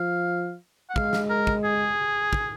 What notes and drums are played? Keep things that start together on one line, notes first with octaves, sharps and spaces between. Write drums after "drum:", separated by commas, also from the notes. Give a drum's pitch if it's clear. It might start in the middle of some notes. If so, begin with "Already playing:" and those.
Already playing: F3 F5
F#5
G#3 F5, drum: kick
drum: snare
A#4
drum: kick
G#4
drum: kick